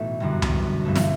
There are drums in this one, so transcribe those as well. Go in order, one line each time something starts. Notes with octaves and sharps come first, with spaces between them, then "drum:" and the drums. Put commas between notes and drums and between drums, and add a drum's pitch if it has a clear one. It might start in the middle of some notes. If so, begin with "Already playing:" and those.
Already playing: B1 A2 E3 A3 B3
G1 F#2 D3 G3
B3, drum: tom C#2
B3
G1 G2 E3 A3
drum: snare